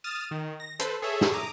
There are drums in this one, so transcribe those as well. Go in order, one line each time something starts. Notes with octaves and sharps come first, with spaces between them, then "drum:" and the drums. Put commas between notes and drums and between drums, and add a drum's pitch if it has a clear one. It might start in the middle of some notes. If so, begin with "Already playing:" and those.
D#6 F6 A6 E7
D#3
A#6
A4 B4 C5, drum: hi-hat
G#4 A4 C#5 E5
drum: snare
A#5 D6 D#6